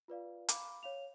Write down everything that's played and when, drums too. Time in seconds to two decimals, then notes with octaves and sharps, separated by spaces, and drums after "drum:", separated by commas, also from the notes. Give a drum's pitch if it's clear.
0.08 F4 B4 D5 F5
0.49 F5 A#5 B5 D6, drum: hi-hat
0.83 C#5 F5 F7